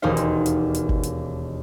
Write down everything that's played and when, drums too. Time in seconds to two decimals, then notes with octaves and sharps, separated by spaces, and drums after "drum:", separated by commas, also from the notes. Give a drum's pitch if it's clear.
0.02 E1 D#2 B2 D#4 C5 F5
0.17 drum: hi-hat
0.46 drum: hi-hat
0.75 drum: hi-hat
0.89 drum: kick G1
1.03 drum: hi-hat